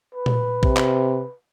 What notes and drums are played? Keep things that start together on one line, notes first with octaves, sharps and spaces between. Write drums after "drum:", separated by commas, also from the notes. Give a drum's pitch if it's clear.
B4
drum: tom A#2
C3, drum: kick
drum: clap